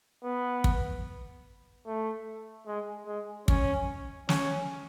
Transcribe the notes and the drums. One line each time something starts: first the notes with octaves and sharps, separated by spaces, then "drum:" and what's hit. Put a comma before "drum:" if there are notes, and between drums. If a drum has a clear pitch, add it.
B3
drum: kick
A3
G#3
G#3
C#4, drum: kick
C#4, drum: snare